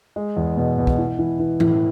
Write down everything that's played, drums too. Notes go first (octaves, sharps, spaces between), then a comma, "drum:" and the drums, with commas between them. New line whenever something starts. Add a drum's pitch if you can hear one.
G#3
E2
B2
B2
drum: kick
E3
E3
E3
A2, drum: tom E3